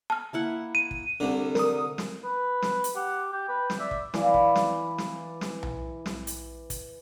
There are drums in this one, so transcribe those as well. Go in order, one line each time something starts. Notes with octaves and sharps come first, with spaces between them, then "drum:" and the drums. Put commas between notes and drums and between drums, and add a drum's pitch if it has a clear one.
A5 F6
A#3 E4 F#5
D#7
drum: kick
C2 D3
A#4 D#6, drum: snare
drum: snare
B4
drum: snare
drum: hi-hat
G4 F#5
G4 G5
B4
drum: snare
D5 E5
drum: kick
E3 E4 D5 F5, drum: snare
drum: kick
drum: snare
drum: snare
drum: snare
drum: tom B1
drum: snare
drum: hi-hat
drum: kick, hi-hat